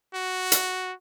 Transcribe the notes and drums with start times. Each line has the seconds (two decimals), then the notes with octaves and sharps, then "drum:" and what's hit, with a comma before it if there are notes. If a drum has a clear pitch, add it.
0.14 F#4
0.52 drum: hi-hat